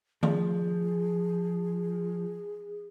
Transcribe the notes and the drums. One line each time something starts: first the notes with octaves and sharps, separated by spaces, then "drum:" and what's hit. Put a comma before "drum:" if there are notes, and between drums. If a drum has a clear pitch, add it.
F3 G#4, drum: tom D#3